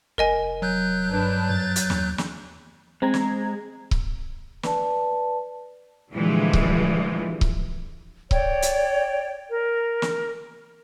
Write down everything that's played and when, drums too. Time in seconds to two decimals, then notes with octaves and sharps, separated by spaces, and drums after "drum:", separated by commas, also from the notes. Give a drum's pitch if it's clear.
0.18 F1 A#4 D#5 G#5
0.62 F#3 F#6 G6
1.07 G2 D4 B4
1.49 F#2 A6
1.76 drum: hi-hat
1.90 D#2, drum: snare
2.18 drum: snare
3.02 G#3 C4 A#5 G#6
3.14 drum: snare
3.91 drum: kick C#1
4.63 B4 D5 A5, drum: snare
6.13 A#2 D3 E3 F3 G3 G#3
6.53 drum: kick C#1
7.41 drum: kick C#1
8.31 C#5 D5 G5, drum: kick C#1
8.63 drum: hi-hat
9.49 A#4
10.02 drum: snare